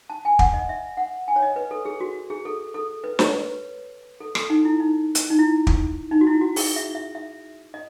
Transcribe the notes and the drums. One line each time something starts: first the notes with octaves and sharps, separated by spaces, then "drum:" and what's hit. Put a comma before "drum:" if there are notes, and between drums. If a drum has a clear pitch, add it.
A5
G#5
F#5, drum: kick
D#5
E5
F#5
G#5
C#5
D#5
B4
A4
G#4
F#4
G#4
A4
A4
B4
C#5, drum: snare
B4
A4
A4, drum: rim click
D#4
E4
D#4
drum: hi-hat
D#4
E4
drum: kick
D#4
F#4
E4
F#4
G#4, drum: open hi-hat
E5
E5
E5
D#5